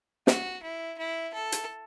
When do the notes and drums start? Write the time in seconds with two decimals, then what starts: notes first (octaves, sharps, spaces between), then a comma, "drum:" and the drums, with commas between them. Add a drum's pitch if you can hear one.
0.27 F#4, drum: snare
0.63 E4
0.98 E4
1.33 A4
1.52 drum: hi-hat